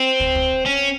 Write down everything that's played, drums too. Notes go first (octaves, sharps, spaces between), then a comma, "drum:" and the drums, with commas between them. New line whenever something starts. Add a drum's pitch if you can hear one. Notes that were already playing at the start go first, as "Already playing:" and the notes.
Already playing: C4
drum: kick
drum: kick
C#4